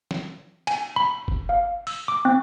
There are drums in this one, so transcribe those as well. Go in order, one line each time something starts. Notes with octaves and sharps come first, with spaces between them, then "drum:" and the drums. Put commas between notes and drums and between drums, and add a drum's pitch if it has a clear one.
drum: snare
G#5, drum: cymbal
B5
drum: kick
F5
E6, drum: open hi-hat
D6
C4